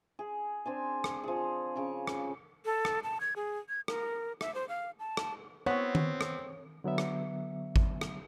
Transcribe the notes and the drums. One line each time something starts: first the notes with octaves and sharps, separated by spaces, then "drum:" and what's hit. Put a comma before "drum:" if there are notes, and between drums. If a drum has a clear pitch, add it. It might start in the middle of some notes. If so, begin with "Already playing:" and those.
G#4
C4 D4 G#5
drum: rim click
F3 G#4
C#3 C#6 D6
drum: rim click
A4
drum: rim click
A5
G#6
G#4
G#6
A#4, drum: rim click
E5, drum: rim click
C5
F5
A5
drum: rim click
B3 C4 E4 F#4 C#5
drum: tom D#3
drum: rim click
D3 F#3 B3 E5
drum: rim click
drum: kick G#1
drum: rim click